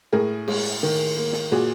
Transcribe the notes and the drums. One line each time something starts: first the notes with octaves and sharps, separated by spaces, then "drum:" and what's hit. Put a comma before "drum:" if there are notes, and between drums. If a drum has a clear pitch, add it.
A2 G#4 A#4
G#3, drum: cymbal
D#3
A#3
drum: snare
A#2 F#4 G#4